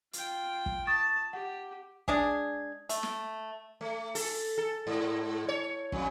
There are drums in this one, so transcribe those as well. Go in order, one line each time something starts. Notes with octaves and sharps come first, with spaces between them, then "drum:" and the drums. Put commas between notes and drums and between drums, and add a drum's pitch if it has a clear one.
F4 G5, drum: hi-hat
drum: kick
A5 C#6 D#6 A6
G4 F#5
G#3 D4 G#4, drum: kick
A3, drum: hi-hat
drum: snare
A3
A4, drum: open hi-hat
A4
G#2
C#5
F2, drum: kick